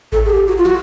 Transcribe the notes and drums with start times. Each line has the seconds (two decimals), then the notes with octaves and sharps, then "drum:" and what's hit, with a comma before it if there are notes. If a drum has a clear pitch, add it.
0.12 A4, drum: kick A1
0.25 G#4
0.30 G4
0.48 F#4
0.57 F4
0.65 F#4, drum: snare